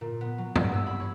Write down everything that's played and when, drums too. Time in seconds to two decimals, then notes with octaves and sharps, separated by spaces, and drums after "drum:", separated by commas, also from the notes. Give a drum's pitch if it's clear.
0.01 A#2
0.21 B3
0.38 F#3
0.56 G2, drum: tom
0.74 E6
0.87 B5
1.00 C#5